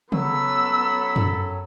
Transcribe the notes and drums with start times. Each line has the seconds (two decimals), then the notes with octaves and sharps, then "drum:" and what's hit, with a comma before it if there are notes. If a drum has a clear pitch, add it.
0.12 F#3 B3 C#4 A4 B5 E6, drum: tom C#3
1.16 drum: tom F#2